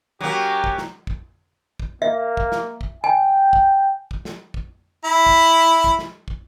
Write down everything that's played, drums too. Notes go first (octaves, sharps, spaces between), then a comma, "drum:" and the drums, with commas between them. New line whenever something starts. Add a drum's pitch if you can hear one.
F#3 A#3 C#4 G4
drum: kick
drum: snare
drum: kick
drum: kick
A#3 E5
drum: kick
drum: snare
drum: kick
G5 G#5
drum: kick
drum: kick
drum: snare
drum: kick
E4 B5
drum: kick
drum: kick
drum: snare
drum: kick